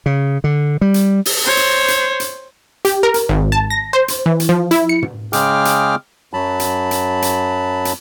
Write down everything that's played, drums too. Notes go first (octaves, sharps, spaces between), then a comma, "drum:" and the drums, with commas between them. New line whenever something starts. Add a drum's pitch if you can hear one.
C#3
D3
G3
drum: hi-hat
drum: open hi-hat
C5 C#5
drum: hi-hat
drum: hi-hat
drum: hi-hat
G4, drum: hi-hat
A#4
drum: hi-hat
G#1
A5
A#6
C5
drum: hi-hat
E3
drum: hi-hat
F3
E4, drum: hi-hat
C#7
drum: tom
C#3 G#3 G#4 G5 D6 F6, drum: hi-hat
drum: hi-hat
F#2 F#3 A5 B5
drum: hi-hat
drum: hi-hat
drum: hi-hat
drum: hi-hat